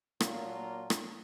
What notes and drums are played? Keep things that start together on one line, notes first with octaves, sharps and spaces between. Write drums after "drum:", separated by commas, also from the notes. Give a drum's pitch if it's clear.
A#2 F#3 A#3 D4 F4 A#4, drum: rim click
drum: rim click